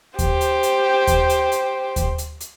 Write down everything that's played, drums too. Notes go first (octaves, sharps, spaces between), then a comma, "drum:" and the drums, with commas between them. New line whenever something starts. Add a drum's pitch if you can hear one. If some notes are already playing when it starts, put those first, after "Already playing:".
G4 C5, drum: kick D#2, hi-hat
drum: hi-hat
drum: hi-hat
drum: kick D#2, hi-hat
drum: hi-hat
drum: hi-hat
drum: kick D#2, hi-hat
drum: hi-hat
drum: hi-hat